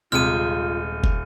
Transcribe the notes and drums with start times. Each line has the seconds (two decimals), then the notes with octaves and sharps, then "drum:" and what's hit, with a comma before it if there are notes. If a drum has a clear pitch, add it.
0.12 D#1 C3 G#3 F4 F6 D#7
1.04 drum: kick